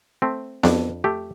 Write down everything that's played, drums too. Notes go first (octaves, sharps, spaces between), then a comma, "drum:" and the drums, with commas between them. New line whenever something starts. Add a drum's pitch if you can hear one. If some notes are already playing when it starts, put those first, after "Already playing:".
A3 C4
F2 D4, drum: snare B3
A3 G4